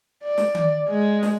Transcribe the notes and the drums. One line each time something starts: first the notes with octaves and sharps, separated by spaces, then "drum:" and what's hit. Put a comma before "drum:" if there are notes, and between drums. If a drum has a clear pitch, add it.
D5
drum: snare
drum: tom D#3
G#3
drum: snare